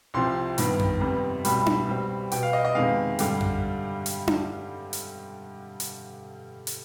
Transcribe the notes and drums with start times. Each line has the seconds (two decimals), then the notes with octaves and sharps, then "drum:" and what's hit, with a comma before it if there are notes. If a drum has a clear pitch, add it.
0.14 C2 C3 F3 C4 C6
0.58 G2 D#3 B3, drum: hi-hat
0.79 drum: tom F2
1.01 F2 C3 G3 B3
1.45 C2 B2 G3 B5, drum: hi-hat
1.66 drum: tom D4
1.88 B2 G3 C4
2.32 B2 B3 G5, drum: hi-hat
2.43 F5
2.53 D#5
2.65 D#5
2.75 F2 C3 D#3 G#3 B3 F5
3.19 G2 D3 G3, drum: hi-hat
3.40 drum: tom F2
4.06 drum: hi-hat
4.28 drum: tom D4
4.93 drum: hi-hat
5.80 drum: hi-hat
6.67 drum: hi-hat